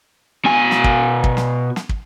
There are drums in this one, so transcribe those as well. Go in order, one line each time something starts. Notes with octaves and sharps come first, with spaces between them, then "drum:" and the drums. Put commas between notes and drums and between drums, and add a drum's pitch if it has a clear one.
B2 G#5
drum: snare
drum: kick
drum: kick
drum: snare
drum: snare
drum: kick